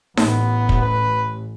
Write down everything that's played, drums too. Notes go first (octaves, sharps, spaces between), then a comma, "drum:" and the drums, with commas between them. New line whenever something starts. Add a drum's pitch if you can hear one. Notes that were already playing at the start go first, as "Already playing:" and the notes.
A1 B3, drum: snare D#4
drum: kick
B4